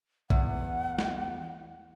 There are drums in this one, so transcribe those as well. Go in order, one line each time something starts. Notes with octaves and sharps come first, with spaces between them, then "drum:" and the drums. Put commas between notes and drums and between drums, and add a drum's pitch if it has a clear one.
E2 F#5, drum: kick
drum: snare